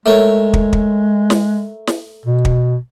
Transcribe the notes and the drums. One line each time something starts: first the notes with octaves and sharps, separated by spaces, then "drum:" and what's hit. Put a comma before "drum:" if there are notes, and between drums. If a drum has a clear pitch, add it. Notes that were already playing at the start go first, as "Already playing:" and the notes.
G#3 A3 A#4 C#5
drum: kick
drum: kick
drum: snare
drum: snare
B2
drum: kick